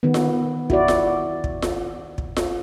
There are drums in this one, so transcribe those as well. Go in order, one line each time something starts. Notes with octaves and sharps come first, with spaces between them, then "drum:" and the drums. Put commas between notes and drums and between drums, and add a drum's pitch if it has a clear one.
D#3 B3
drum: snare F4
E4 F#4 D5, drum: kick
drum: snare F4
drum: kick
drum: snare F4
drum: kick
drum: snare F4